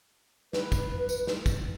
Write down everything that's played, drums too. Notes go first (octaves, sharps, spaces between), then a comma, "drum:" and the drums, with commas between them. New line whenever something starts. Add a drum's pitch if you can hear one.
B4, drum: snare
drum: kick, tambourine
drum: tambourine
drum: snare
drum: kick, tambourine